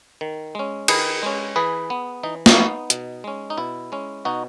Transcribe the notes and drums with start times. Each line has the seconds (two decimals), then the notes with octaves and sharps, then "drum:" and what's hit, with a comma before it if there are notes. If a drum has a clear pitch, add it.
0.21 D#3
0.55 G#3 C#4
0.88 D#3 G#4 B4, drum: cymbal
1.23 G#3 C#4
1.56 E3 G#4 B4
1.90 B3
2.23 E3 D#4
2.46 D#4, drum: snare
2.57 B3
2.90 B2, drum: hi-hat
3.24 G#3 C#4
3.50 D#4
3.57 B2 E4
3.92 G#3 C#4
4.25 B2 D#4 F#4